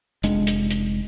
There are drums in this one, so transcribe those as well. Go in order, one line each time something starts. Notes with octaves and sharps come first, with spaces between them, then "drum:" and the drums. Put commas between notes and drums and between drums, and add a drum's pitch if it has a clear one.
F1 G#3 D4, drum: hi-hat
drum: hi-hat
drum: hi-hat